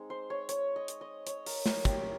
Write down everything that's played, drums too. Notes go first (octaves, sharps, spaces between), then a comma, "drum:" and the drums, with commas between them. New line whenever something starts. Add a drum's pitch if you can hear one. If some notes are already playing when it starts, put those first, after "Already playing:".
Already playing: G#3 C4 D#4
C5
C#5
C#5, drum: hi-hat
D#5
drum: hi-hat
D#5
C#5, drum: hi-hat
A#4, drum: open hi-hat
A#4, drum: snare
G4, drum: kick, hi-hat